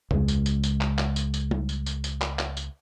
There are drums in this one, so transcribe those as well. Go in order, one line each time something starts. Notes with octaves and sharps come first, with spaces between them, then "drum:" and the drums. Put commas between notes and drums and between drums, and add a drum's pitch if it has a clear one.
C#2 G#3, drum: tom E2
drum: tambourine
drum: tambourine
drum: tambourine
drum: clap
drum: clap
drum: tambourine
drum: tambourine
drum: tom G3
drum: tambourine
drum: tambourine
drum: tambourine
drum: clap
drum: clap
drum: tambourine